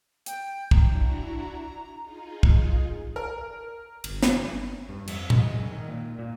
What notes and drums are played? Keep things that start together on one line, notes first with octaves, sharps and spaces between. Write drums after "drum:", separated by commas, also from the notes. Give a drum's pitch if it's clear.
G5, drum: hi-hat
D4 E4 F#4 A#5, drum: kick
D#4 F4 G#4
drum: kick
A#4
G1, drum: cymbal
drum: snare
G2
F2, drum: cymbal
G#3, drum: tom A#2
F#2
D#3
A#2
A#2